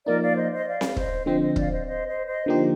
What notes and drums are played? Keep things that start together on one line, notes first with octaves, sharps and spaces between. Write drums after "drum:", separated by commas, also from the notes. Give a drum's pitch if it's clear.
F3 A#3 D#4 A#4 D5
D5 F5
C5 D#5
C5 D#5
D5 F5
drum: snare C4
C5 D#5, drum: kick
D3 F3 C4 C5 D#5
C5 D#5
D5 F5, drum: kick
C5 D#5
C5 D#5
C5 D#5
C5 D#5
D3 F3 A#3 D#4 G4 C5